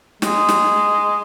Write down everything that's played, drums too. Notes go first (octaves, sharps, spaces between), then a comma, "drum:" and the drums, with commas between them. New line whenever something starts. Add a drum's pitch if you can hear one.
G#3, drum: snare
drum: snare